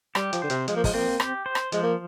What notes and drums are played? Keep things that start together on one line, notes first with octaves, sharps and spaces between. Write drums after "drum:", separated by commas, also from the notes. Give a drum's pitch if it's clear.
G3 G4, drum: rim click
F3, drum: hi-hat
D3 C5
C3, drum: hi-hat
F3 G#3, drum: hi-hat
A#3
G#3, drum: kick, open hi-hat
A#3 C4
G4, drum: rim click
C5
drum: rim click
F3 G#3, drum: hi-hat
A#3